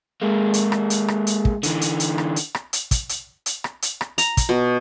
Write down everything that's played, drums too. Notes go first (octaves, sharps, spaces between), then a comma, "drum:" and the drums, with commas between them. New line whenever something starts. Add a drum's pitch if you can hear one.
G#3 A#3
drum: hi-hat
drum: rim click
drum: hi-hat
drum: rim click
drum: hi-hat
drum: kick
D3 E3, drum: hi-hat
drum: hi-hat
drum: hi-hat
drum: rim click
drum: hi-hat
drum: rim click
drum: hi-hat
drum: kick, hi-hat
drum: hi-hat
drum: hi-hat
drum: rim click
drum: hi-hat
drum: rim click
A#5, drum: hi-hat
drum: kick, hi-hat
B2